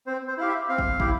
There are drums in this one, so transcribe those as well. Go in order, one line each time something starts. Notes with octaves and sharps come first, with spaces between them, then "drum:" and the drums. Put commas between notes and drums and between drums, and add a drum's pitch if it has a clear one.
C4 C5
C5
E4 G4 F5
E5
C4 F5
drum: kick
E4 G4, drum: kick